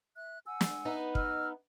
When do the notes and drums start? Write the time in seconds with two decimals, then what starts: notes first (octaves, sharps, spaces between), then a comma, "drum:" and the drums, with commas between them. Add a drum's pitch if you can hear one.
0.17 E5 F#6
0.46 F#5 G#5 E6
0.61 drum: snare
0.85 B3 D#4 B4
1.15 D#5 E6 F6, drum: kick